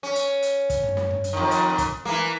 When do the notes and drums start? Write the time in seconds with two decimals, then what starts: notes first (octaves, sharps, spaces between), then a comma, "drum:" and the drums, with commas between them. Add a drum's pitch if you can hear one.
0.03 C#4
0.15 drum: hi-hat
0.42 drum: hi-hat
0.70 drum: kick, hi-hat
0.83 drum: tom
0.97 drum: snare
1.10 drum: tom
1.24 drum: hi-hat
1.33 F2 D#3
1.51 drum: hi-hat
1.78 drum: kick, hi-hat
2.05 E3 A#3, drum: snare